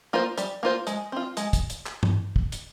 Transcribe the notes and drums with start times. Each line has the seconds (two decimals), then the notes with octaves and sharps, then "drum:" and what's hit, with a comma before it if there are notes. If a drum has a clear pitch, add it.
0.13 A#3 F4 C5
0.38 G3, drum: hi-hat
0.63 A#3 F4 C5
0.87 G#3, drum: hi-hat
1.12 C4 F4
1.37 G#3, drum: hi-hat
1.53 drum: kick, hi-hat
1.70 drum: hi-hat
1.86 drum: clap
2.03 drum: tom G2
2.36 drum: kick
2.52 drum: hi-hat